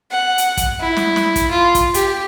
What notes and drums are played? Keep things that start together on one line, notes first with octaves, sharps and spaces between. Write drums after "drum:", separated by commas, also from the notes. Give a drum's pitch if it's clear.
F#5
drum: hi-hat
drum: kick, hi-hat
E4
drum: snare
drum: snare
drum: kick, hi-hat
F4
drum: kick, hi-hat
G4, drum: hi-hat